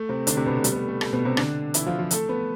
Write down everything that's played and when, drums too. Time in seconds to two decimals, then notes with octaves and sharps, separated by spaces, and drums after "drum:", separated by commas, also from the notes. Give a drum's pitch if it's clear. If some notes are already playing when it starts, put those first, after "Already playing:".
Already playing: A3
0.09 C3 C4
0.27 D3 D4, drum: hi-hat
0.36 C3 C4
0.46 B2 B3
0.55 A3
0.64 G3, drum: hi-hat
0.72 B3
0.76 A3
0.88 A3
1.01 A3, drum: rim click
1.13 B2 B3
1.25 C3 C4
1.37 D3 D4, drum: rim click
1.74 E3 E4, drum: hi-hat
1.86 F3 F4
1.99 F3 F4
2.11 A3 A4, drum: hi-hat
2.29 B3 B4